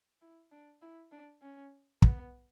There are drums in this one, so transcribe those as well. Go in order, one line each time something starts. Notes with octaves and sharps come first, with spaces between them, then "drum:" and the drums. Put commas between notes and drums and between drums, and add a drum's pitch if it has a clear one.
E4
D4
E4
D4
C#4
B3, drum: kick